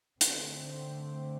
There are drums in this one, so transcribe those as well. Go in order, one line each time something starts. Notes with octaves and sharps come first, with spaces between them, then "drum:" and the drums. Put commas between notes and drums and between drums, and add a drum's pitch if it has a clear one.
D3 A3 C4, drum: hi-hat